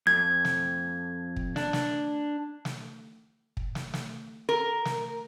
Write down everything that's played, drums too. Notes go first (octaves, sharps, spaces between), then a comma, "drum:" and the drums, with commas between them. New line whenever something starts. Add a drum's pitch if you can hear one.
F2 G#6
drum: snare
drum: kick
D4, drum: snare
drum: snare
drum: snare
drum: kick
drum: snare
drum: snare
A#4
drum: snare